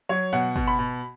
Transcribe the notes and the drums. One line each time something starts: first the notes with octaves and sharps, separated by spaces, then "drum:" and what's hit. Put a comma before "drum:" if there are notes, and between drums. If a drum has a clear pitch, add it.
F#3 C#5
B2 F#5
B2, drum: kick
B5
B2